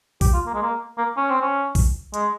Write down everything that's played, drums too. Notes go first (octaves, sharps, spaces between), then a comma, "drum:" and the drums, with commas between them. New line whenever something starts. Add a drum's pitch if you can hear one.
G4, drum: kick, open hi-hat
F4
A#3
G#3
A#3
A#3
C#4
C4
C#4
drum: kick, open hi-hat
G#3, drum: hi-hat